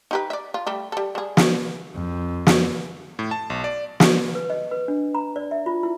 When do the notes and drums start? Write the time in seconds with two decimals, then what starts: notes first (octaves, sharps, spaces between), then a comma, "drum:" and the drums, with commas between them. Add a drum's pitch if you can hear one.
0.11 D#4 G4 B4
0.30 D5 E5
0.54 F4
0.67 G3 A3 G4
0.92 G3 A4
1.15 G3 G#4
1.37 drum: snare
1.95 F2
2.47 drum: snare
3.19 A2
3.31 A5
3.50 B1
3.64 D5
4.00 drum: snare
4.35 B4
4.50 D#5
4.71 B4
4.88 D4
5.15 A#5
5.36 D5
5.51 E5
5.66 F4
5.83 E4